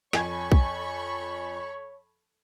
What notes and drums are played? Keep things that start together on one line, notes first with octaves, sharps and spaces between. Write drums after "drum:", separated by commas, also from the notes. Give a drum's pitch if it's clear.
F2 A4 C#5 G#5 B5 C#6 G#6, drum: snare
drum: kick